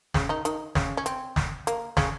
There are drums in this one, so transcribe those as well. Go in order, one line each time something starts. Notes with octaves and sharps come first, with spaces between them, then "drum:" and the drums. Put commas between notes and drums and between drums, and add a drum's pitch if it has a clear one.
C#3 C#4, drum: snare
D#3 D#4
D#3 D#4, drum: hi-hat
C#3 C#4, drum: snare
C#4
C4, drum: hi-hat
drum: snare
A#3, drum: hi-hat
C#3 C#4, drum: snare